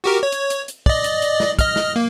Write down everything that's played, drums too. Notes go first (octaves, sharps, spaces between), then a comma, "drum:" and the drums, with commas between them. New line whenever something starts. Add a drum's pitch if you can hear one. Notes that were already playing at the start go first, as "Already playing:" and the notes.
F#4 G4 A#4
C#5
drum: hi-hat
drum: hi-hat
drum: hi-hat
D5 D#5, drum: kick
drum: hi-hat
drum: hi-hat
drum: snare
D#5 F6, drum: kick, hi-hat
drum: snare
A#3